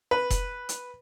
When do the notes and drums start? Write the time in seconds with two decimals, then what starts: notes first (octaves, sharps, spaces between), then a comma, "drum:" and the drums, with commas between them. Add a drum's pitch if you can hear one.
0.11 B4
0.30 drum: kick F1, hi-hat
0.69 drum: hi-hat